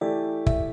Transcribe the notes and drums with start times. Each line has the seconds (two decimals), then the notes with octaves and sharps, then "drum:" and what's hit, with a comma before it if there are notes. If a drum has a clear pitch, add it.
0.01 E3 A3 E4 G4 D5
0.46 E5, drum: kick